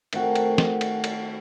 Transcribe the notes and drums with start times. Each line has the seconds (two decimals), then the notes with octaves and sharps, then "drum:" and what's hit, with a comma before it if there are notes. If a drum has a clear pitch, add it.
0.13 D#3 A3 C4 F#4, drum: cymbal
0.35 drum: cymbal
0.58 drum: snare
0.81 drum: cymbal
1.04 drum: cymbal